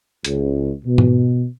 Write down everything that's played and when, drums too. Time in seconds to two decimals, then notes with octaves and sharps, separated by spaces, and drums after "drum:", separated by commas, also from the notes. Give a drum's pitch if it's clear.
0.25 C#2, drum: hi-hat
0.85 B2
0.98 drum: tom G#2